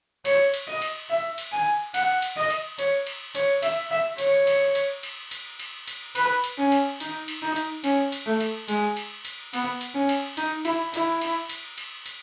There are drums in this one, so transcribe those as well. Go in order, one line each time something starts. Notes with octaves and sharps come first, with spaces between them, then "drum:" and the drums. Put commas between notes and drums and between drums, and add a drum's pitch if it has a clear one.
C#5, drum: cymbal
drum: cymbal
D#5
drum: cymbal
E5
drum: cymbal
G#5
F#5, drum: cymbal
drum: cymbal
D#5
drum: cymbal
C#5, drum: cymbal
drum: cymbal
C#5, drum: cymbal
E5, drum: cymbal
E5
C#5, drum: cymbal
drum: cymbal
drum: cymbal
drum: cymbal
drum: cymbal
drum: cymbal
drum: cymbal
B4, drum: cymbal
drum: cymbal
C#4
drum: cymbal
D#4, drum: cymbal
drum: cymbal
D#4
drum: cymbal
C#4, drum: cymbal
drum: cymbal
A3
drum: cymbal
G#3, drum: cymbal
drum: cymbal
drum: cymbal
B3, drum: cymbal
drum: cymbal
C#4
drum: cymbal
D#4, drum: cymbal
E4, drum: cymbal
E4, drum: cymbal
drum: cymbal
drum: cymbal
drum: cymbal
drum: cymbal